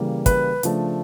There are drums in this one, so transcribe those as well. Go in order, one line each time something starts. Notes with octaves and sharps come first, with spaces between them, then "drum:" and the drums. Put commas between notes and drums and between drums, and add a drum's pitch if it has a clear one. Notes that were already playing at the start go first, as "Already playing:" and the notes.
Already playing: C#3 E3 G3 A#3
B4, drum: kick, hi-hat
C#3 F3 A3 D4, drum: hi-hat